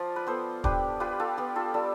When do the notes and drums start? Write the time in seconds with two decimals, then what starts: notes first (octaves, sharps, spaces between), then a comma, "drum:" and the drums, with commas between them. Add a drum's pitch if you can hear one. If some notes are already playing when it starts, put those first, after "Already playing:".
Already playing: F3 F4 D5
0.16 B4
0.27 B3 A4 C5
0.64 D4 G4 B4, drum: kick
1.00 F4 G4 B4
1.20 F4 A4
1.37 B3 G4
1.56 F4 A4
1.74 G3 F4 A4